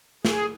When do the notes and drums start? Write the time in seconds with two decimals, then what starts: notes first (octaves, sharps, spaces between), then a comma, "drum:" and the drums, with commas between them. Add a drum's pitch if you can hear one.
0.25 G#4, drum: snare